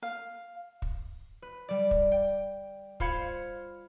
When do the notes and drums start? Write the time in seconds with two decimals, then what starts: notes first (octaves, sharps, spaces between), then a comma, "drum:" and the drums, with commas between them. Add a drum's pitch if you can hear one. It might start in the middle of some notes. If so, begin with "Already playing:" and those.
0.03 F5
0.82 drum: kick
1.42 B4
1.69 G3 D5
1.91 drum: kick
2.12 G5
3.00 F4 C5 F5 B5 G#6 C#7, drum: kick